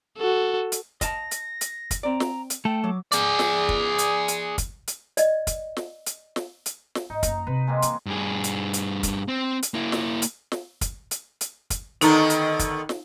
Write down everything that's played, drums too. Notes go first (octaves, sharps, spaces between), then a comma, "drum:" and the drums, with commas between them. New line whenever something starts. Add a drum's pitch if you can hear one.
F#4 A4
drum: hi-hat
D#5 F5 A5 A#6, drum: kick, hi-hat
drum: hi-hat
drum: hi-hat
drum: kick, hi-hat
C4 D5 A#5
drum: snare
drum: hi-hat
A3 A4 G5
F#3 D6
G#4 D5, drum: hi-hat
drum: snare
drum: kick
drum: hi-hat
drum: hi-hat
drum: kick, hi-hat
drum: hi-hat
D5 D#5, drum: hi-hat
drum: kick, hi-hat
drum: snare
drum: hi-hat
drum: snare
drum: hi-hat
drum: snare
G#2 D#4
F#2 A#3 A#5, drum: kick, hi-hat
C3 B4
G#3 A#3 C4
E3, drum: hi-hat
G2 G#4
drum: hi-hat
drum: hi-hat
drum: kick, hi-hat
C4
drum: hi-hat
A#3 E4
drum: snare
drum: hi-hat
drum: snare
drum: kick, hi-hat
drum: hi-hat
drum: hi-hat
drum: kick, hi-hat
D3 D#3 B3 D#4 A#5, drum: hi-hat
drum: hi-hat
drum: kick, hi-hat
drum: snare